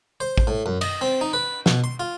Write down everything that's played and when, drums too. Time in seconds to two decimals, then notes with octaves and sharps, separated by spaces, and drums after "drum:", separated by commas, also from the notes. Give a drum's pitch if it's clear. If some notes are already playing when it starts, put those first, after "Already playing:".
0.20 C5
0.38 drum: kick A1
0.47 A2
0.66 F#2
0.81 D#5, drum: cymbal
1.01 C4
1.21 D#4
1.33 B4
1.66 B2, drum: snare
1.84 C6
2.00 F4